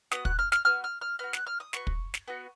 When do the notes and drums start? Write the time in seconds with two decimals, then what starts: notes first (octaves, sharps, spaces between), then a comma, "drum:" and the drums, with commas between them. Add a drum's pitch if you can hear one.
0.11 B3 F#4 D#6, drum: snare
0.25 F#6, drum: kick
0.39 F6
0.52 F6, drum: snare
0.65 B3 F#4 F6
0.84 F6
1.01 F6
1.19 B3 F#4 F6
1.33 F#6, drum: snare
1.47 F6
1.60 D#6
1.73 B3 F#4 C#6, drum: snare
1.87 drum: kick
2.14 drum: snare
2.28 B3 F#4